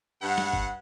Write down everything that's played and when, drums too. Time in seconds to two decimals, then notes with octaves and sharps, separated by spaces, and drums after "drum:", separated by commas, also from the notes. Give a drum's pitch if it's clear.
0.22 G2 F#5
0.38 drum: snare
0.53 drum: kick